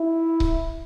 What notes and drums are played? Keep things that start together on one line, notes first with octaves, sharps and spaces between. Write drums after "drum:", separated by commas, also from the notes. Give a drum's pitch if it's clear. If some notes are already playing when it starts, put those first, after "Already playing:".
Already playing: E4
drum: kick C#1